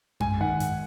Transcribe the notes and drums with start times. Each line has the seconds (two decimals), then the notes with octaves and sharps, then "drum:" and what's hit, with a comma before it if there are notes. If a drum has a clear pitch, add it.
0.20 G#2 G#5, drum: tom F#2
0.40 D#3 F#5
0.60 G#2, drum: hi-hat